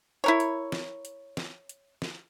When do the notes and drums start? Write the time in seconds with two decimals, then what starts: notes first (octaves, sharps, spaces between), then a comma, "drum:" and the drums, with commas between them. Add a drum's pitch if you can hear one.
0.24 E4 A#4 C#5
0.40 drum: hi-hat
0.72 drum: snare
1.05 drum: hi-hat
1.37 drum: snare
1.69 drum: hi-hat
2.02 drum: snare